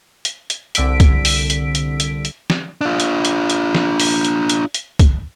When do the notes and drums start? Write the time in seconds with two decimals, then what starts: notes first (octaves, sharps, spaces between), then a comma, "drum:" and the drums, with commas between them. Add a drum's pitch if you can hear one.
0.25 drum: hi-hat
0.50 drum: hi-hat
0.75 C2 D3 E6 B6 D7, drum: hi-hat
1.00 drum: kick, hi-hat
1.25 drum: open hi-hat
1.50 drum: hi-hat
1.75 drum: hi-hat
2.00 drum: hi-hat
2.25 drum: hi-hat
2.50 drum: snare
2.81 D4 F4
3.00 drum: hi-hat
3.25 drum: hi-hat
3.50 drum: hi-hat
3.75 drum: snare
4.00 drum: open hi-hat
4.25 drum: hi-hat
4.50 drum: hi-hat
4.74 drum: hi-hat
4.99 drum: kick, hi-hat